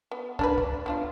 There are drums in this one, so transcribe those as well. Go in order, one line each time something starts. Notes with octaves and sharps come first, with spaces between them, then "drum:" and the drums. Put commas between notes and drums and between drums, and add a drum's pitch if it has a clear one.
B3
D4 A#4 B4, drum: kick
D5, drum: kick
B3 D4 F4